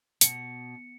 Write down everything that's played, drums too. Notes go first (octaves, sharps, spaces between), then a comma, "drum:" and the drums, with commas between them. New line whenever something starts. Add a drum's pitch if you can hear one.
B2 C#7, drum: hi-hat